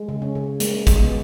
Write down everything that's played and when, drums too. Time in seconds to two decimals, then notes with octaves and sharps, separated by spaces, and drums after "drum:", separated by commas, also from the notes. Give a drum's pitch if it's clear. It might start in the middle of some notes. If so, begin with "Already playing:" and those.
Already playing: G#3
0.09 C#3
0.22 C#4
0.35 C#3
0.60 G#3 A#3, drum: hi-hat
0.87 G#3, drum: kick, hi-hat
1.00 B3